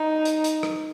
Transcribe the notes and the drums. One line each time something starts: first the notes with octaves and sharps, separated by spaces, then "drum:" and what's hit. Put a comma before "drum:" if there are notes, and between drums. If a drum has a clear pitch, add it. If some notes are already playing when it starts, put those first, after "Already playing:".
Already playing: D#4
drum: hi-hat
drum: hi-hat
drum: rim click